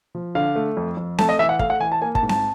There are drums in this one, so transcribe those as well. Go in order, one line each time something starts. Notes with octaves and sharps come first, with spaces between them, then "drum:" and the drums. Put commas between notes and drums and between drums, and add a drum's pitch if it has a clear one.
F3
D3 F5
A3
F2
F2
A3 A5, drum: snare C4
D#5
E3 E5
F#5
A3 F5, drum: kick
F#5
E3 G#5
A5
A#3 G#5
A5, drum: kick
G#2
A5, drum: snare C4